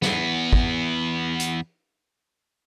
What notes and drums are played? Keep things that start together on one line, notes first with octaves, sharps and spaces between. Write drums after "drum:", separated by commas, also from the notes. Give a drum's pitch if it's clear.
E2 B3, drum: snare
drum: kick
drum: hi-hat